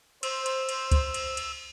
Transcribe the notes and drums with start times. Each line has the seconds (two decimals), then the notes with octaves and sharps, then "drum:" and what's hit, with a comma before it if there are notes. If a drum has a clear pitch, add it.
0.23 C5 E6, drum: cymbal
0.46 drum: cymbal
0.69 drum: cymbal
0.92 drum: kick C#2, cymbal
1.14 drum: cymbal
1.37 drum: cymbal